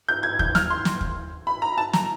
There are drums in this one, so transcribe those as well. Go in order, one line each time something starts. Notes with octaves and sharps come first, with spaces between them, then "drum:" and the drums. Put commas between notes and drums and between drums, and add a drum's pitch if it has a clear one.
G6
G#6
G6, drum: kick
F6, drum: snare
C6
drum: snare
drum: kick
B5
A#5
A5
A#5, drum: snare